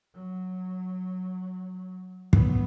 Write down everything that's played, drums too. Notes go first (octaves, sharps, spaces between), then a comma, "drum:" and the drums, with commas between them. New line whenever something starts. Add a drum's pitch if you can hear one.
F#3
F#3 B3, drum: kick